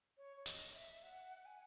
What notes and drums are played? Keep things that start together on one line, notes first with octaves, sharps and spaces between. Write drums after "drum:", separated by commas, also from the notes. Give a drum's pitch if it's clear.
C#5
C#5
D#5, drum: hi-hat
E5
F#5
G#5